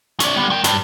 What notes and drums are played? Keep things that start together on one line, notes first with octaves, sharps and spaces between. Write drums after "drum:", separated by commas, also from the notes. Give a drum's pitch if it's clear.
C#4 D5, drum: hi-hat
G3 B3
A3 G5
G2, drum: hi-hat